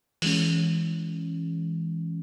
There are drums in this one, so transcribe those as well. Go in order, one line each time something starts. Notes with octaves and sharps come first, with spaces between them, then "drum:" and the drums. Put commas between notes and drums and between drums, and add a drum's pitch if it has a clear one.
E3 G#3 C#4, drum: open hi-hat